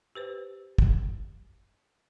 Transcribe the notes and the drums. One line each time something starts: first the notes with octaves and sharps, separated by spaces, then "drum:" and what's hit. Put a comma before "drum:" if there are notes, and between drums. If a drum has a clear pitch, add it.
G4 B4 C5
drum: kick